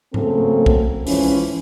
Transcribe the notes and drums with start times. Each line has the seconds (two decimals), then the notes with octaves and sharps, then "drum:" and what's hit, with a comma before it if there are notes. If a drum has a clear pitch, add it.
0.14 C#3 F#3 A3 A#3 C4 A4, drum: tom G#2
0.66 drum: kick B1
1.07 G#2 E3 F3 C#4, drum: open hi-hat